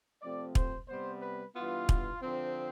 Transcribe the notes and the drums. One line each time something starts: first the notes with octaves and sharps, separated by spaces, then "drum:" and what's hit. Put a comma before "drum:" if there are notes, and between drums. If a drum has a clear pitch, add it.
C3 F3 A3 C4 D5
C5, drum: kick
C3 G3 B3 C5
B4
G2 E3 B3 F4
drum: kick
D3 F3 C4